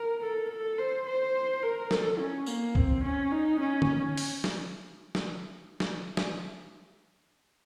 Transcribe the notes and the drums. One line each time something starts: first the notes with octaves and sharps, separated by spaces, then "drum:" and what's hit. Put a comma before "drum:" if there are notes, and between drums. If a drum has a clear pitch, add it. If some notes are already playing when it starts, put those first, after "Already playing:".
Already playing: A#4
A4
A4
C5
C5
A#4
A4, drum: snare
C#4
A#3, drum: tambourine
C4, drum: kick C2
C#4
D#4
C#4
drum: tom D3
drum: open hi-hat
drum: snare
drum: snare
drum: snare
drum: snare